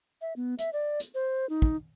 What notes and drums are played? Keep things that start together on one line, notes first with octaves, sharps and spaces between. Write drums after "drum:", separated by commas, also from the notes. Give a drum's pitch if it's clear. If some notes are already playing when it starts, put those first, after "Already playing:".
E5
B3
E5, drum: hi-hat
D5
drum: hi-hat
C5
D#4
drum: kick